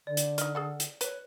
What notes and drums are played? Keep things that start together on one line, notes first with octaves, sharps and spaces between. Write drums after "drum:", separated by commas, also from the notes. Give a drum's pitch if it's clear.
D3 D5
drum: hi-hat
D#4 D#5 F6, drum: hi-hat
G#4 A4 F#5
drum: hi-hat
B4 C#5, drum: hi-hat